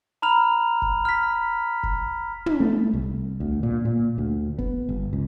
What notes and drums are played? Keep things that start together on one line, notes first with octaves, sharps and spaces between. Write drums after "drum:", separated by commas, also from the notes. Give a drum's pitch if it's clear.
A#5 B5 F6 F7
drum: kick F1
F6 B6
drum: kick F1
drum: tom
A3
C2
D2
A#2
A#2
D2
B3, drum: kick F1
G1
C#2